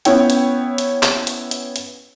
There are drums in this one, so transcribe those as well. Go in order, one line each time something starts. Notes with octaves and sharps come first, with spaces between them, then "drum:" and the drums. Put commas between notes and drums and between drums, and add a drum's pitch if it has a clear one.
B3 C#4 E4 C#5 G5, drum: hi-hat
drum: hi-hat
drum: hi-hat
drum: clap
drum: hi-hat
drum: hi-hat
drum: hi-hat